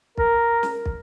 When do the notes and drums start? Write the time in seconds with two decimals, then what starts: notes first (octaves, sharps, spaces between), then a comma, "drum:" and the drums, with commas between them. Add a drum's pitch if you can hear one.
0.17 A#4, drum: kick
0.63 drum: snare
0.86 drum: kick